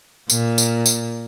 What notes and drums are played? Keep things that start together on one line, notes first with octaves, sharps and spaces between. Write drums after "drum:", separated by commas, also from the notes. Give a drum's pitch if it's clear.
A#2, drum: tambourine
drum: tambourine
drum: tambourine